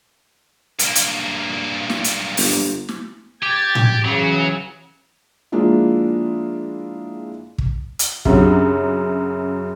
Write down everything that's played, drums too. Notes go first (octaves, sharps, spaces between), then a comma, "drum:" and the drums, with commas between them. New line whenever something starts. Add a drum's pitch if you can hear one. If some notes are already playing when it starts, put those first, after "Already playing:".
G2 A#3, drum: hi-hat
drum: hi-hat
drum: snare
drum: hi-hat
G1, drum: open hi-hat
drum: snare
G4 G#6 A6
drum: tom A2
C#3 E3 F#3
F3 G#3 A#3 D4 E4 F4
drum: kick
drum: hi-hat
F#2 C#3 F#3 C4 D4 G4, drum: kick